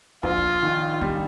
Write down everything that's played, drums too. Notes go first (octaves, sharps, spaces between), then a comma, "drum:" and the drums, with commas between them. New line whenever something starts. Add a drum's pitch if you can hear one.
A#1 F4, drum: kick
drum: kick
D#3
G3, drum: kick